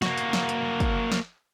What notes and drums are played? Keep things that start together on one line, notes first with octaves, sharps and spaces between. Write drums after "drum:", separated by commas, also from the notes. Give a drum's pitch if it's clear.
A#3 F#4, drum: snare
drum: hi-hat
drum: snare
drum: hi-hat
drum: kick, hi-hat
drum: snare